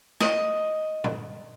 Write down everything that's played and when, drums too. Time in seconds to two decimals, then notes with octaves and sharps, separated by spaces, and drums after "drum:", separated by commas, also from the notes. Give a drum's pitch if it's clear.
0.20 D#5, drum: snare
1.04 drum: tom